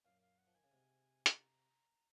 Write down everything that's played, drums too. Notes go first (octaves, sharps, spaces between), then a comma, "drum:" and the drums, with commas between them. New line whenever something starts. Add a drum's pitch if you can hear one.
F#2 A#2 F5
F5
F#5
F3
D#3 G#5
C#3
G#2 C3
drum: hi-hat
A#5